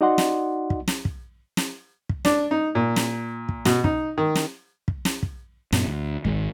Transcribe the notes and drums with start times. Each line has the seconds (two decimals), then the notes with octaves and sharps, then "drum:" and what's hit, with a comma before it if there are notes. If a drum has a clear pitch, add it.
0.01 D#4 F#4 D5 D#5 F#5 C6
0.18 drum: snare
0.70 drum: kick
0.88 drum: snare
1.05 drum: kick
1.57 drum: snare
2.09 drum: kick
2.25 D4, drum: snare
2.51 D#4
2.75 A#2
2.96 drum: snare
3.49 drum: kick
3.65 B2, drum: snare
3.84 D#4, drum: kick
4.18 D#3
4.36 drum: snare
4.88 drum: kick
5.05 drum: snare
5.23 drum: kick
5.73 F#2 A#2 B3, drum: snare
5.87 D2
6.25 G#1 G#3, drum: kick